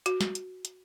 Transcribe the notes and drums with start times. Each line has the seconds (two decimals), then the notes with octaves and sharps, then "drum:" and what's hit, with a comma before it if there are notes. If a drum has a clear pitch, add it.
0.06 F#4, drum: hi-hat
0.21 drum: snare
0.35 drum: hi-hat
0.65 drum: hi-hat